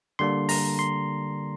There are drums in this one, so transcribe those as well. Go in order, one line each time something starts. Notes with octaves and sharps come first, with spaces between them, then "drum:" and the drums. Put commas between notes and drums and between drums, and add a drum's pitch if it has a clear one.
D3 G3 A#3 D4 C6
A#5, drum: open hi-hat
C6